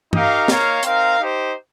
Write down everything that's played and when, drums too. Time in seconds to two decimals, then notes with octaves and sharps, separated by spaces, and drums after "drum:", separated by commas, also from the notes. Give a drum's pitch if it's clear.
0.13 D#4 G4 A#4 F5, drum: tom
0.48 A#3 D#4 A#4 C#5 F5, drum: snare
0.83 C4 D#4 A#4 F5, drum: hi-hat
1.19 D#4 G4 C5